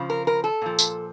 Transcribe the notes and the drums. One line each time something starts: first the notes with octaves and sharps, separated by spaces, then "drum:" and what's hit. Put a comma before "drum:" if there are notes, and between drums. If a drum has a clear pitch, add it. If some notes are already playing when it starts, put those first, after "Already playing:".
Already playing: C#3 F3
A#4
A#4
A4
A#2 F3
drum: tambourine